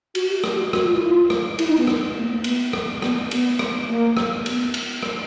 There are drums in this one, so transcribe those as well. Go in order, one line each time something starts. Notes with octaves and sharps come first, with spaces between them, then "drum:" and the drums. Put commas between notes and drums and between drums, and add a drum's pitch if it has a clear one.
F#4, drum: cymbal
G4
G4, drum: rim click
F#4
F#4, drum: rim click
F4
E4
F4
drum: rim click
E4, drum: cymbal
D#4
B3
drum: rim click
A#3
B3
A#3
B3, drum: cymbal
drum: rim click
B3, drum: rim click
B3, drum: cymbal
drum: rim click
A#3
drum: rim click
B3, drum: cymbal
drum: cymbal
drum: rim click